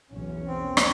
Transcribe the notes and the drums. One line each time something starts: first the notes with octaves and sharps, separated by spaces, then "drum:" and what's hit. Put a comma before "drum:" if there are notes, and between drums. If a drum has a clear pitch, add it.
B1 E2 C#4
C4
drum: rim click